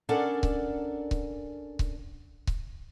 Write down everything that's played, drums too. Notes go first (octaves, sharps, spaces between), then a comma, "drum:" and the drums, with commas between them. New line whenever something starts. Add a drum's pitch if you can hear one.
C#4 D4 A4 A#4 D5 F#5
drum: kick C#1
drum: kick C#1
drum: kick C#1
drum: kick C#1